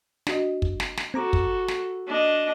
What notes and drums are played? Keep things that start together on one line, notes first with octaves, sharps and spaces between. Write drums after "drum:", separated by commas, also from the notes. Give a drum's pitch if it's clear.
D4 F#4 D#5, drum: snare
drum: kick
drum: snare
drum: snare
C4 F#4 A4 A#5 D6
drum: kick
drum: snare
D4 D#5